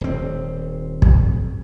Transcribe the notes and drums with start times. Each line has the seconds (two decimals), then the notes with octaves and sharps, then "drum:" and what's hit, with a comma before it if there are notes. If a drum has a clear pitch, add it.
0.01 D#1 C4
1.02 drum: kick